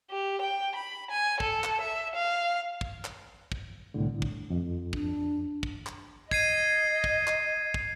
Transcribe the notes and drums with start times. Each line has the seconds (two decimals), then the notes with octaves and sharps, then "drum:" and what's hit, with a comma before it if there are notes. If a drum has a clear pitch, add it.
0.11 G4
0.41 G5
0.75 B5
1.10 G#5
1.40 A4, drum: kick
1.64 drum: clap
1.81 E5
2.15 F5
2.81 drum: kick
3.05 drum: clap
3.52 drum: kick
3.94 C2 A2 D3
4.22 drum: kick
4.50 F2
4.93 D4, drum: kick
5.63 drum: kick
5.86 drum: clap
6.31 D#5 G#6 C7 D#7, drum: kick
7.04 drum: kick
7.27 drum: clap
7.74 drum: kick